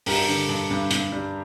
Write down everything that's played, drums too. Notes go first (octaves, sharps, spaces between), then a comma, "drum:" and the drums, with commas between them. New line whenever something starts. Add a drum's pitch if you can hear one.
G2 G4 A#4, drum: open hi-hat
D3
G2
G2
G2, drum: hi-hat
G3